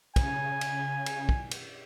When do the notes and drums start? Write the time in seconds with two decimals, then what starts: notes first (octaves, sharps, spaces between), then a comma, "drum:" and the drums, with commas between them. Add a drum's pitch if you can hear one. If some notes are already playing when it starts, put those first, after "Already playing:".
0.16 C#3 G#5, drum: kick, cymbal
0.61 drum: cymbal
1.06 drum: cymbal
1.29 drum: kick
1.51 drum: cymbal